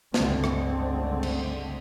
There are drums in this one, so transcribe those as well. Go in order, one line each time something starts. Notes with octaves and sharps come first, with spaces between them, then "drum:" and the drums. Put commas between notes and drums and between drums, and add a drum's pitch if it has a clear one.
G1 C#2 D3 G#3 A3 C4, drum: snare
drum: rim click
drum: cymbal